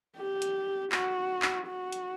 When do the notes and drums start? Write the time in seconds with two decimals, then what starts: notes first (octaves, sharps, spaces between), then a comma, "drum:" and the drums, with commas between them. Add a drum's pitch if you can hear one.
0.17 G4
0.42 drum: hi-hat
0.92 F#4, drum: clap
1.42 drum: clap
1.68 F#4
1.92 drum: hi-hat